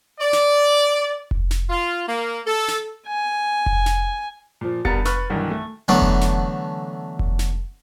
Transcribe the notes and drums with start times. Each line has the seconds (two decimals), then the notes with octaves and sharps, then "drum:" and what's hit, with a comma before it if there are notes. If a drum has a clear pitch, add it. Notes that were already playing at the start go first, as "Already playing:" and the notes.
0.20 D5
0.33 drum: snare
1.31 drum: kick F1
1.51 drum: snare
1.69 F4
2.07 A#3
2.45 A4
2.68 drum: snare
3.07 G#5
3.66 drum: kick F1
3.86 drum: snare
4.61 A#2 F3
4.85 G1 G3 B3 A#4 A6 C#7, drum: kick F1
5.05 B4 C#6 F6, drum: snare
5.30 B1 G2 D#3 E3
5.51 A3
5.88 D3 E3 F#3 A3 B3
6.02 drum: kick F1
6.21 drum: snare
7.19 drum: kick F1
7.39 drum: snare